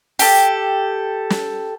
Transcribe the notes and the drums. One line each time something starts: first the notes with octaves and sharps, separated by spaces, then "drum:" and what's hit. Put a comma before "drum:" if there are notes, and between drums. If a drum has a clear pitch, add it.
G4 A4, drum: open hi-hat
drum: snare